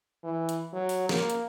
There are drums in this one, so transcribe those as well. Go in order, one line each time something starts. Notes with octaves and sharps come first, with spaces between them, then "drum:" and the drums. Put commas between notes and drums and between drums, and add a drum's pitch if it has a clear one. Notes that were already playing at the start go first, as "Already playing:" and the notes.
E3
drum: hi-hat
F#3
drum: open hi-hat
A#3, drum: snare
drum: hi-hat